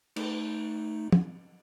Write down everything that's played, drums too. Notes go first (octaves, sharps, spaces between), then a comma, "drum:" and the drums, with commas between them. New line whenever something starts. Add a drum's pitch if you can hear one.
A3 D#4, drum: cymbal
drum: tom